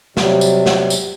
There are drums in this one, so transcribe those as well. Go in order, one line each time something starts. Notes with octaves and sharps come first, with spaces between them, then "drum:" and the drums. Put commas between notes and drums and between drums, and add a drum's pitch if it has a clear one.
C3 F#3 G3, drum: snare
drum: tambourine
drum: snare
drum: tambourine